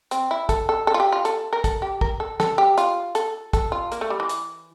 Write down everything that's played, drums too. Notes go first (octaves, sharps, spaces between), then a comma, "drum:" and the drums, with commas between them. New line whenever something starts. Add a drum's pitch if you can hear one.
C4, drum: hi-hat
E4
A4, drum: kick, hi-hat
A4
A4
F4
G4
F4
A4, drum: hi-hat
A#4
A4, drum: kick, hi-hat
G4
A#4, drum: kick
A4
A4, drum: snare
G4
F4, drum: hi-hat
A4, drum: hi-hat
A4, drum: kick, hi-hat
F4
A#3, drum: hi-hat
A3
G3
E3
drum: hi-hat